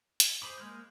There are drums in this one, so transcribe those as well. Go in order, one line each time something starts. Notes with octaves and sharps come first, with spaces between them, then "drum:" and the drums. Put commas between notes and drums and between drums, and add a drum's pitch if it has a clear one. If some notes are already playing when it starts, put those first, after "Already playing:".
drum: hi-hat
G#4 C5 D#5 B5 D6
G#3 A#3 F6 G6